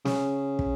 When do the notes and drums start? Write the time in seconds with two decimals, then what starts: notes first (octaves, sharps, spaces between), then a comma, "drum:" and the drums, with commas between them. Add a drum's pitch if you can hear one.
0.05 C#3, drum: snare
0.59 drum: kick